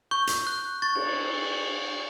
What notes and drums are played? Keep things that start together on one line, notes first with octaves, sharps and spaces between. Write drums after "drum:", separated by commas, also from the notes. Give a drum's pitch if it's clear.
C#6 G6
drum: hi-hat
F#6
C#6 A6
drum: cymbal